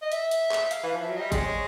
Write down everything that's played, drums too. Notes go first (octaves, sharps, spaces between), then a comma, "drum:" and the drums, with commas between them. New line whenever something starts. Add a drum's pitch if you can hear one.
D#5
E5, drum: hi-hat
drum: hi-hat
drum: clap
F5, drum: hi-hat
E3 F5
F3
E5
F#3
G3 D#5
G#3 D5, drum: kick, hi-hat
C5
C#5